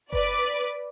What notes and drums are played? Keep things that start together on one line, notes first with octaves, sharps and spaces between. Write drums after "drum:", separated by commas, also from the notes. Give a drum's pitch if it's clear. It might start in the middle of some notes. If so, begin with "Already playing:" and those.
B4 D5, drum: kick F#1